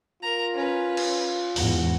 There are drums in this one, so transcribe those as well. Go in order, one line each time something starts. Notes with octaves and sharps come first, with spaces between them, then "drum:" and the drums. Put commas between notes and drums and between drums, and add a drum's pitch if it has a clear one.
F4 A#4 A#5
C#4 B4
drum: cymbal
E2 G#2 F#4, drum: open hi-hat